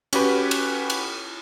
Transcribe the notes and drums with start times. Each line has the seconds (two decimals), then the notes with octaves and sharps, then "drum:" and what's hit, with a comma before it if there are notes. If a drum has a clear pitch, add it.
0.13 C#4 F#4 G4 B4, drum: cymbal
0.51 drum: cymbal
0.90 drum: cymbal